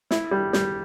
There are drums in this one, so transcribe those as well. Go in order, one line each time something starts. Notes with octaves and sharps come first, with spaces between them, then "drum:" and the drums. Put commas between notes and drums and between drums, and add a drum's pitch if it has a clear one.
E4, drum: snare
G3
G3, drum: snare